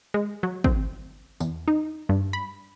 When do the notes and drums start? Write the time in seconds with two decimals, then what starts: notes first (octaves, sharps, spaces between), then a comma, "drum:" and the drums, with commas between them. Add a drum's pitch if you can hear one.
0.14 G#3
0.43 F#3
0.64 C4, drum: kick
1.40 E2, drum: tambourine
1.68 D#4
2.09 G2
2.33 B5